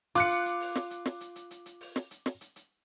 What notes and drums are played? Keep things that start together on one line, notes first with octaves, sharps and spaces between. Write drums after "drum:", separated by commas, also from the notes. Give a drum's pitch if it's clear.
F4 D6 F#6 C#7, drum: hi-hat
drum: hi-hat
drum: hi-hat
drum: open hi-hat
drum: snare
drum: hi-hat
drum: snare
drum: hi-hat
drum: hi-hat
drum: hi-hat
drum: hi-hat
drum: open hi-hat
drum: snare
drum: hi-hat
drum: snare
drum: hi-hat
drum: hi-hat